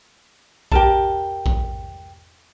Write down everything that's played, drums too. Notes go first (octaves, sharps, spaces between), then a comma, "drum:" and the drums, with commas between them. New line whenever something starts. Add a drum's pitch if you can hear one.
G4 A#4 A5, drum: kick A#1
drum: kick A#1